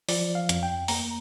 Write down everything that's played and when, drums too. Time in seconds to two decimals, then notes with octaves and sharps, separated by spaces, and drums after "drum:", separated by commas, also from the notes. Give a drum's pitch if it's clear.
0.09 F3 D5, drum: open hi-hat
0.35 F5
0.49 F2, drum: hi-hat
0.63 G5
0.88 A#3 A#5, drum: open hi-hat